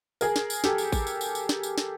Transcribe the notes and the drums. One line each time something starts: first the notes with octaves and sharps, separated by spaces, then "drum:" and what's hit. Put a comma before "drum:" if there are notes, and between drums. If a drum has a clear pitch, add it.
G#4 A#4, drum: tambourine
drum: snare
drum: tambourine
G4 A4, drum: snare
drum: tambourine
drum: kick A1, tambourine
drum: tambourine
drum: tambourine
drum: tambourine
drum: snare
drum: tambourine
drum: snare